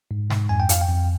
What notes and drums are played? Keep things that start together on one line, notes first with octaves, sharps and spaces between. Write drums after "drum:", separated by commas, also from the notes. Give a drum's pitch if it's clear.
G#2
G#2, drum: snare
F2 G#5
G5
F2 F5, drum: hi-hat
G5
F2